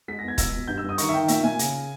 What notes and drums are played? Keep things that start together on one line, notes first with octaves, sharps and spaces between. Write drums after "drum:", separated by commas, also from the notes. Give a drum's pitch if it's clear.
G#3 B6
A#6
E2
G#6
C#2 E6, drum: kick D#1, hi-hat
B2
G2 G6
E6
G2 D#6
D#3 C#6, drum: hi-hat
E5
D#3 G5
A#2 E5, drum: hi-hat
A#2 G#5
C#3, drum: hi-hat